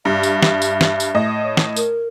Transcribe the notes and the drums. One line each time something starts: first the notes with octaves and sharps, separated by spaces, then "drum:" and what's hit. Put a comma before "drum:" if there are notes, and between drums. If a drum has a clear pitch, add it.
G2 E5
drum: tambourine
drum: snare
drum: tambourine
drum: snare
drum: tambourine
A2 D#5
C#5
drum: snare
A#4, drum: tambourine